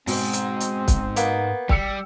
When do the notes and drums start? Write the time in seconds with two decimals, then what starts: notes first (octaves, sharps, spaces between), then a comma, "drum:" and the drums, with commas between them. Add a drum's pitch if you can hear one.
0.07 G#2 B2 C4, drum: open hi-hat
0.33 drum: hi-hat
0.60 drum: hi-hat
0.88 drum: kick, hi-hat
1.16 A#3 B3, drum: hi-hat
1.69 G3 G5 E6 C#7, drum: kick